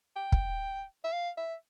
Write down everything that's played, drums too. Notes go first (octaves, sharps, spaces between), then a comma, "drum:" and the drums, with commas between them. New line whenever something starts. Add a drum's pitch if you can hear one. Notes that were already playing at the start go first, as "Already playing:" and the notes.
G5
drum: kick
E5
F5
E5